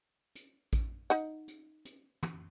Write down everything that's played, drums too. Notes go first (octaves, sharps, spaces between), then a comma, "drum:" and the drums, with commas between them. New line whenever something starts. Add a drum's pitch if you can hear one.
drum: hi-hat
drum: kick A1, hi-hat
D#4 F#5, drum: hi-hat
drum: hi-hat
drum: hi-hat
drum: tom